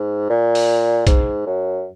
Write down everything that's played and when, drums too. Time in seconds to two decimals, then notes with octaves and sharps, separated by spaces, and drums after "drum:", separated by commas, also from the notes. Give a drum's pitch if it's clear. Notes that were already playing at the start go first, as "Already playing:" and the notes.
Already playing: G#2
0.30 A#2
0.55 drum: open hi-hat
1.07 G#2, drum: kick, hi-hat
1.47 F#2